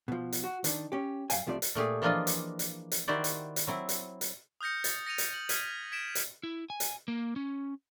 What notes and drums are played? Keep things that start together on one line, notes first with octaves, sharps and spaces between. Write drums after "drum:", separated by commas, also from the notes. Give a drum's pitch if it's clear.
B2 F3
drum: hi-hat
F#4
D#3 D4, drum: hi-hat
C#4 G4
F#2 F3 F5 G5 G#5, drum: hi-hat
C2 C3 F3 A3 D5
drum: hi-hat
A#2 A3 G4 G#4
E3 F3 A#3 D4 F4 D#5
drum: hi-hat
drum: hi-hat
drum: hi-hat
D#3 E4 F#4 G4 C5 D5
drum: hi-hat
drum: hi-hat
F#3 C4 E4
drum: hi-hat
drum: hi-hat
D#6 F6 G6 A#6 C#7
A6, drum: hi-hat
A#6 C#7 D#7 F7
drum: hi-hat
F#7
F6 G#6 B6 D#7, drum: hi-hat
G#6 B6 D7 E7
drum: hi-hat
E4
G#5
drum: hi-hat
A#3
C#4